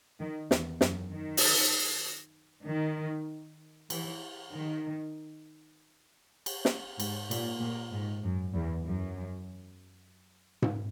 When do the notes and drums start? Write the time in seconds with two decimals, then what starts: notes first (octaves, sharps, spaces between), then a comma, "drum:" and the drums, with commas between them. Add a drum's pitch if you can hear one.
0.20 D#3
0.51 E2, drum: snare
0.81 F#2, drum: snare
1.12 D#3
1.37 drum: open hi-hat
2.67 D#3
3.90 E3, drum: cymbal
4.53 D#3
6.46 drum: cymbal
6.65 drum: snare
7.00 G#2, drum: cymbal
7.31 A#2, drum: cymbal
7.61 A#2
7.92 G#2
8.24 F#2
8.54 E2
8.85 F#2
10.62 drum: tom G#2